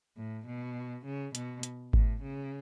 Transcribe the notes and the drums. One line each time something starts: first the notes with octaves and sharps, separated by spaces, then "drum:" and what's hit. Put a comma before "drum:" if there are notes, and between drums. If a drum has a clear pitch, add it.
A2
B2
C#3
B2, drum: hi-hat
drum: hi-hat
A2, drum: kick G#1
C#3